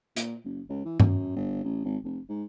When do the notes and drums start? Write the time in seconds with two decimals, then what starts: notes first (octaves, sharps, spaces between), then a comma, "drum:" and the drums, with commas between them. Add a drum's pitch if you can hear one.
0.16 A#2, drum: hi-hat
0.45 F#1
0.70 C#2
0.85 E3
1.00 F#2, drum: tom G2
1.36 G1
1.64 A1
1.85 G#1
2.04 F1
2.29 G#2